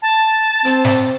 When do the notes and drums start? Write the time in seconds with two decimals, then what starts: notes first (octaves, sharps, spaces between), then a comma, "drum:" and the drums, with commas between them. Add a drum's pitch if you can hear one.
0.02 A5
0.65 C4, drum: hi-hat
0.85 drum: snare